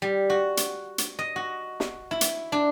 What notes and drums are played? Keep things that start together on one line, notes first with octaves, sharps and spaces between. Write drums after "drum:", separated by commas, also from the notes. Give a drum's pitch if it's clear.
G3
F#4
drum: hi-hat
drum: hi-hat
D#5
F#4
drum: snare
E4
drum: hi-hat
D4